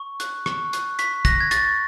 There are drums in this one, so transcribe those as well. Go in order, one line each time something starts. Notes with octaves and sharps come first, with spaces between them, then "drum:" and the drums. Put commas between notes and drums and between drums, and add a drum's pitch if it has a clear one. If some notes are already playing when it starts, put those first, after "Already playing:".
Already playing: C#6
F#6, drum: hi-hat
C#6, drum: rim click
F#6, drum: hi-hat
C#6 B6, drum: hi-hat
F#6 A#6, drum: kick, hi-hat
G#6
C#6 A6, drum: hi-hat